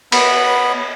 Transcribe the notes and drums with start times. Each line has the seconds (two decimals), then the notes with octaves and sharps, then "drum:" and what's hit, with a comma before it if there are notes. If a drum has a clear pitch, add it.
0.12 B3 B5, drum: cymbal